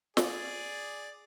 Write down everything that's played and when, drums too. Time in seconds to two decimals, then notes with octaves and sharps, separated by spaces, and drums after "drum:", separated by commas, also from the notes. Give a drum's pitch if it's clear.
0.17 G#4 D5, drum: snare